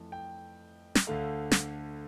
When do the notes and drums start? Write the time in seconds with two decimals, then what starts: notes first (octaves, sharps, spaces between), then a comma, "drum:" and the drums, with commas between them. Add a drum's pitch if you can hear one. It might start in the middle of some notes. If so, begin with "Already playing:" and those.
Already playing: F2 E3 A3 A5
0.12 G5
0.95 drum: snare
1.07 D2 D3 A3 F5
1.51 drum: snare